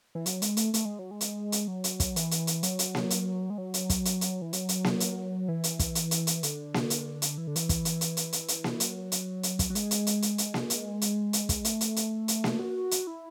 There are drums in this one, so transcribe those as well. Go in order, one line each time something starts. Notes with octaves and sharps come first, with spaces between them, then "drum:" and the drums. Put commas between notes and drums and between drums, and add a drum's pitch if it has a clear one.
E3
F#3, drum: hi-hat
G#3, drum: hi-hat
A3, drum: hi-hat
A3, drum: hi-hat
G#3
F#3
G#3
drum: hi-hat
drum: hi-hat
F#3
drum: hi-hat
drum: kick, hi-hat
E3, drum: hi-hat
drum: hi-hat
drum: hi-hat
F#3, drum: hi-hat
drum: hi-hat
drum: snare A#3
drum: hi-hat
G#3
F#3
drum: hi-hat
drum: kick, hi-hat
drum: hi-hat
drum: hi-hat
E3
F#3, drum: hi-hat
drum: hi-hat
drum: snare A#3
drum: hi-hat
E3
drum: hi-hat
drum: kick, hi-hat
drum: hi-hat
drum: hi-hat
drum: hi-hat
D3, drum: hi-hat
drum: snare A#3
drum: hi-hat
drum: hi-hat
E3
D3
E3, drum: hi-hat
drum: kick, hi-hat
drum: hi-hat
drum: hi-hat
drum: hi-hat
drum: hi-hat
drum: hi-hat
drum: snare A#3
F#3, drum: hi-hat
drum: hi-hat
drum: hi-hat
drum: kick, hi-hat
F#3
G#3, drum: hi-hat
drum: hi-hat
drum: hi-hat
drum: hi-hat
drum: hi-hat
drum: snare A#3
drum: hi-hat
drum: hi-hat
drum: hi-hat
drum: kick, hi-hat
A3, drum: hi-hat
drum: hi-hat
drum: hi-hat
drum: hi-hat
drum: snare A#3
F#4
drum: hi-hat
E4